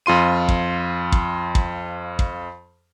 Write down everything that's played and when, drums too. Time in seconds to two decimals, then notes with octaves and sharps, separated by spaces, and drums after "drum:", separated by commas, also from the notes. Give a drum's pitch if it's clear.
0.06 F2 F4 C6 D#7
0.49 drum: kick
1.12 drum: kick
1.55 drum: kick
2.19 drum: kick